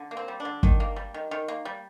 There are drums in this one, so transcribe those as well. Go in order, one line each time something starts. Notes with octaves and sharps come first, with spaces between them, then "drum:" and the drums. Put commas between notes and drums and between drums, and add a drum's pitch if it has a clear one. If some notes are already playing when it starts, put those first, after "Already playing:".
Already playing: D3
A#3
C4
G3
D4
D3
D#3, drum: kick
A#3
G3
D#3
D#3
A#3
G3